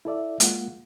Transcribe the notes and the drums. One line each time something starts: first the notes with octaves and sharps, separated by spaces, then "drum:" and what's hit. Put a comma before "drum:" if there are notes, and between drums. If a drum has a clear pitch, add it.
E4 A4 D5 E5
G#3 A#3 F4 F#5, drum: hi-hat